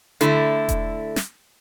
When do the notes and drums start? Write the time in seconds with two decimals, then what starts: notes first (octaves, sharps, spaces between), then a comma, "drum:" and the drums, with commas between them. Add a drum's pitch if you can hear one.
0.21 D3 A3 E4, drum: hi-hat
0.69 drum: kick E1, hi-hat
1.16 drum: snare